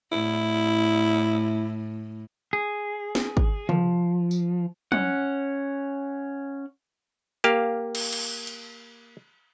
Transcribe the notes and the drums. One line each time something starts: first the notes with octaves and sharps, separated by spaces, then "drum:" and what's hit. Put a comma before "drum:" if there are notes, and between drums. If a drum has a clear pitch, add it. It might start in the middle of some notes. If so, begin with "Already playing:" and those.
A2 E4
G#4
drum: snare
drum: kick
F3, drum: tom
drum: tambourine
C#4 F#5, drum: tom
A#3 G4 F5, drum: hi-hat
drum: cymbal
drum: cymbal
drum: hi-hat